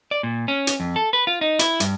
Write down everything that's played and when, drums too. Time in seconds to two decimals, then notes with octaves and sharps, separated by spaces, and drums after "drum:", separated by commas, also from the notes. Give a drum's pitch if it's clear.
0.11 D5
0.23 A#2
0.48 C#4
0.67 drum: hi-hat
0.80 F2
0.96 A4
1.13 B4
1.27 F4
1.41 D#4
1.59 E4, drum: hi-hat
1.80 G2, drum: hi-hat